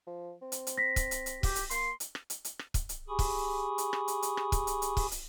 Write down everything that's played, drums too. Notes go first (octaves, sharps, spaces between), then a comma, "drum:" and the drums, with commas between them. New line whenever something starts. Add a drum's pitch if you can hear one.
F3
C4
drum: hi-hat
drum: hi-hat
A#6 B6
drum: kick, hi-hat
drum: hi-hat
drum: hi-hat
G4, drum: kick, open hi-hat
drum: hi-hat
A#3 C6, drum: hi-hat
drum: hi-hat
drum: rim click
drum: hi-hat
drum: hi-hat
drum: rim click
drum: kick, hi-hat
drum: hi-hat
G4 G#4 G#5 B5 C#6 D#6
drum: kick, open hi-hat
drum: hi-hat
drum: rim click
drum: hi-hat
drum: hi-hat
drum: rim click
drum: kick, hi-hat
drum: hi-hat
drum: hi-hat
drum: kick, open hi-hat
drum: hi-hat